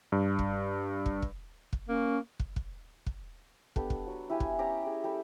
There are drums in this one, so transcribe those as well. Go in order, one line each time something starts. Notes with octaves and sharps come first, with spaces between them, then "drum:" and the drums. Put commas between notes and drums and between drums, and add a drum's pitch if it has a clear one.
G2
drum: kick
drum: kick
drum: kick
drum: kick
A#3 C#4
drum: kick
drum: kick
drum: kick
B3 D4 G4 A4, drum: kick
drum: kick
F#3
E4 G4 F5 G#5
drum: kick
C#4 G4 A#5 C#6
G4 G#4
G3 G4 A4 E5